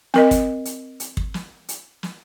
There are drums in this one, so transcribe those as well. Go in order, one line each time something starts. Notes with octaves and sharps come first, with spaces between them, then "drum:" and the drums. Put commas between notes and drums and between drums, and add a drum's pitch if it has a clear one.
C4 A#4 D#5, drum: snare
drum: kick, hi-hat
drum: hi-hat
drum: hi-hat
drum: kick
drum: snare
drum: hi-hat
drum: snare